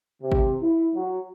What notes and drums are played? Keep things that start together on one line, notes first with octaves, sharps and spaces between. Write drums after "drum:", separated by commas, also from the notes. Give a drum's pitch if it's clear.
C3
drum: kick G#1
E4
F#3